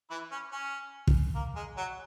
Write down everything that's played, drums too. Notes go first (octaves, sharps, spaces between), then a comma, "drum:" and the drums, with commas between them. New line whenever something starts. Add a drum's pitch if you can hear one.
E3 E4
C#4
C#4
drum: kick
A#3
G#3
F#3